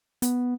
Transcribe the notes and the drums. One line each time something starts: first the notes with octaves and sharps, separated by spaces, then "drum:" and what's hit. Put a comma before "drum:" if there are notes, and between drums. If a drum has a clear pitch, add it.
B3, drum: hi-hat